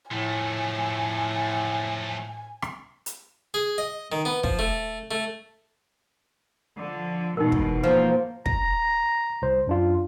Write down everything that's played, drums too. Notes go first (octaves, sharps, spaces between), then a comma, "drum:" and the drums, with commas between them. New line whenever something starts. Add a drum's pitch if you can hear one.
A2 F3 A3 G#5
drum: rim click
drum: hi-hat
G#4
D#5
D#3
B3
F3, drum: kick
A3
A3
D3 F3
E2 G#2 B2 D#4 A#4
drum: kick
F3 A#3
A#5 A#6, drum: kick
C2 C5
F#2 D4 F4